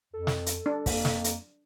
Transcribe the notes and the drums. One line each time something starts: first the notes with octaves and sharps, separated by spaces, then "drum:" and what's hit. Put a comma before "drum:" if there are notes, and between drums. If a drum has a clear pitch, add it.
F2 A4
drum: snare
drum: hi-hat
D4
F2 A#3, drum: kick, open hi-hat
drum: snare
drum: hi-hat